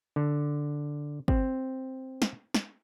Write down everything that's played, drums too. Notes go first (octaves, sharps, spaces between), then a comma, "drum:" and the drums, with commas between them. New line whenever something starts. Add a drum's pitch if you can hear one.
D3
C4, drum: kick G1
drum: snare
drum: snare